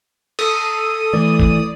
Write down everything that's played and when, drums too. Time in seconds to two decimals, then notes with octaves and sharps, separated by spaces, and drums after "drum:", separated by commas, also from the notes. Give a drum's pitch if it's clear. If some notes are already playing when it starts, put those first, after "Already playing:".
0.39 A4 D#6, drum: cymbal
1.13 E3 A3 D5
1.40 drum: kick G1